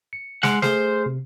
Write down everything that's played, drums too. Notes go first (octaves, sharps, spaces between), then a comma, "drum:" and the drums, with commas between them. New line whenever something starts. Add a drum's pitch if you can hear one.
C#7
G#3 F#5, drum: snare
A3 G#4 C5 F6, drum: snare
C3